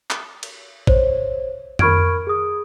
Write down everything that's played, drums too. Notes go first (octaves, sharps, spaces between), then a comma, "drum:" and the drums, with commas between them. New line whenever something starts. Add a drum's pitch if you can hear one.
drum: clap
drum: cymbal
C5 C#5, drum: kick A1
A#4 B5 C#6 F6 G#6 D7, drum: tom F2
G#4 D#6